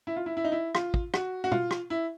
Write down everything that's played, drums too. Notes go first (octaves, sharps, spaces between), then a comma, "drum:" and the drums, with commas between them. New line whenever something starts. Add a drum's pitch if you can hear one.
E4
F4
E4
E4
D#4
E4
F4, drum: rim click
drum: kick
F#4, drum: rim click
F#4
F4, drum: tom B2
drum: rim click
E4